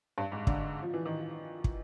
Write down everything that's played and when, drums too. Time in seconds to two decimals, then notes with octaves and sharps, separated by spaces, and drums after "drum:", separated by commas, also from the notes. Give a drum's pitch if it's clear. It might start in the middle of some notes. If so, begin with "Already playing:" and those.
0.18 G2
0.32 G#2
0.47 D3, drum: kick
0.83 F3
0.94 E3
1.06 D#3
1.64 drum: kick